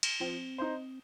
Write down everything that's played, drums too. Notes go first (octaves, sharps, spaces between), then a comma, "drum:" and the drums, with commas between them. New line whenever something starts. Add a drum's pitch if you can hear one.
drum: cymbal
F3 C4
D#4 C5